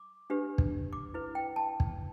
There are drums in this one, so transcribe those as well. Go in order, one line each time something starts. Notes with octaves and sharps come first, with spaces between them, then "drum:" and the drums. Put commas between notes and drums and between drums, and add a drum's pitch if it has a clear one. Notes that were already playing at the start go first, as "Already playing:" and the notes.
Already playing: D6
D4 G4 B4
drum: kick
D6
E4 B4
G5
A5
drum: kick